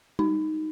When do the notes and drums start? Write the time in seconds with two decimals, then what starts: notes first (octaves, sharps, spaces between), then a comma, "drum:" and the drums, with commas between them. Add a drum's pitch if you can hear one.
0.19 D#4, drum: tom G3